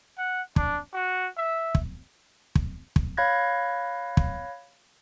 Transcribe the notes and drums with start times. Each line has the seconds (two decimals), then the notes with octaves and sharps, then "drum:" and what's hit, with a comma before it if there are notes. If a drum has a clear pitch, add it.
0.18 F#5
0.56 D4, drum: kick
0.94 F#4
1.38 E5
1.75 drum: kick
2.55 drum: kick
2.96 drum: kick
3.17 C#5 F5 B5 F#6 G#6 A#6
4.17 drum: kick